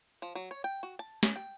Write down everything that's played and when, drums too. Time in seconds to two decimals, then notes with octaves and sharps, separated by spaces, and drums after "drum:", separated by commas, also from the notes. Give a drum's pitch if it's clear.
0.22 F3
0.35 F#3
0.51 C#5
0.64 G5
0.83 F#4
0.99 A5
1.23 C#4, drum: snare
1.36 G5